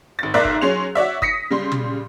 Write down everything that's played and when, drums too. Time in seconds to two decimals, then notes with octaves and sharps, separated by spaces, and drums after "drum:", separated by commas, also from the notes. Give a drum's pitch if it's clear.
0.19 G#1 A6
0.34 B1 G#2 A#4 D5 E5 F#6
0.45 drum: kick
0.61 F#3 C#4 G#4 C6 F7
0.95 F#4 C#5 D5 E5
1.22 D#6 A#6 B6 C#7, drum: kick
1.51 C#3 G3 C6
1.72 drum: tom